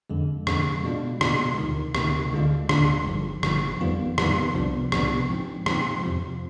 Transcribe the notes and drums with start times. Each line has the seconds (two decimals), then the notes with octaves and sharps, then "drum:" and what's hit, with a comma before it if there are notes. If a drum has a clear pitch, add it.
0.10 F2 D3 G#3
0.47 F2 D3 G#3, drum: rim click
0.84 B2 G#3 D4 F4
1.21 B2 G#3 D4 F4, drum: rim click
1.58 D2 C3 D#3
1.95 D2 C3 D#3, drum: rim click
2.32 D2 D3 G#3 D4 F4
2.69 D2 D3 G#3 D4 F4, drum: rim click
3.07 G1 G2 F3
3.43 G1 G2 F3, drum: rim click
3.81 F2 D#3 G3 B3 F4
4.18 F2 D#3 G3 B3 F4, drum: rim click
4.55 C2 C3 F3 B3 D4
4.92 C2 C3 F3 B3 D4, drum: rim click
5.29 G#2 F3 C4
5.66 G#2 F3 C4, drum: rim click
6.03 F2 C3 F3